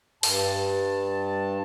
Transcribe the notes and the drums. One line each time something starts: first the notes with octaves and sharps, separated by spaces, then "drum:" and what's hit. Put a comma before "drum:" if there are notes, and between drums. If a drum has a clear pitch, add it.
G2 A5, drum: open hi-hat